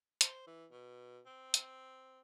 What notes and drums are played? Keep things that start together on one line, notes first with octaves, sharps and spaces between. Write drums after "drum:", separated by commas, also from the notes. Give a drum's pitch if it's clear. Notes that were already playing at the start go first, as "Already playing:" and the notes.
C5, drum: hi-hat
E3
B2
C4
drum: hi-hat